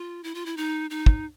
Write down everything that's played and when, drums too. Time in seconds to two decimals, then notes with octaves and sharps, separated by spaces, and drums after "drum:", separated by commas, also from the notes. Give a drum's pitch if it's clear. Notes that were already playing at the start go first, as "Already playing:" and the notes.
Already playing: F4
0.24 E4
0.35 F4
0.46 E4
0.57 D#4
0.90 D#4
1.06 drum: kick